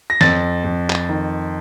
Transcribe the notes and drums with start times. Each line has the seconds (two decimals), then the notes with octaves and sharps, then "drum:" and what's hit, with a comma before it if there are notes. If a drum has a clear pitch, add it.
0.10 A#6
0.21 F2 A6, drum: snare
0.64 F2
0.90 drum: clap
1.09 D#3